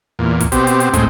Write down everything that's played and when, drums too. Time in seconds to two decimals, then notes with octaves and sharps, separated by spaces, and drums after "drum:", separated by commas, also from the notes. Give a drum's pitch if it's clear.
0.19 E2 A#2
0.40 drum: kick, hi-hat
0.52 B2 C4 G4, drum: hi-hat
0.67 drum: hi-hat
0.80 drum: hi-hat
0.94 A2 G#3 C4, drum: kick, hi-hat